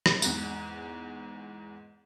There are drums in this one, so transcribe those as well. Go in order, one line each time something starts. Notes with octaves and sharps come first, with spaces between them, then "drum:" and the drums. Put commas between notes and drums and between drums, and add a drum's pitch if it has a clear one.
drum: rim click
E2 G#2, drum: tambourine